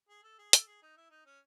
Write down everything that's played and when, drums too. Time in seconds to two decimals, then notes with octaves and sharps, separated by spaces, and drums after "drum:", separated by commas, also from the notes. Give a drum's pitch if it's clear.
0.09 G#4
0.23 A4
0.39 G#4
0.53 A4, drum: hi-hat
0.67 G#4
0.82 D#4
0.97 E4
1.10 D#4
1.26 C#4